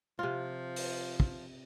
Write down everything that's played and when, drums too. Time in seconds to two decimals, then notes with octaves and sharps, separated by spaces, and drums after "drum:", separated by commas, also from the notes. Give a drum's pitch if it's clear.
0.19 C3 F3 F4
0.76 drum: open hi-hat
1.20 drum: kick